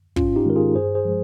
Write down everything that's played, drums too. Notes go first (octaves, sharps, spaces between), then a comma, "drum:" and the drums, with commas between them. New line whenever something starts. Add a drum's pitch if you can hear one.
G#2 C#4 F4, drum: kick
D#4 G4
D#3 G#3 A#4
F4 G#4
G2 G#4 C5
G#4 C5
F3 G#3